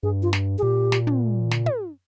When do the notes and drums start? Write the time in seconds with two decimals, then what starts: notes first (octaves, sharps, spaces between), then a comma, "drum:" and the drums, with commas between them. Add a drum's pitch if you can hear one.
0.03 G2 G#4
0.22 F4
0.33 drum: snare
0.58 G#4
0.62 A#2 G4
0.92 drum: snare
1.07 drum: tom
1.51 drum: snare
1.66 drum: tom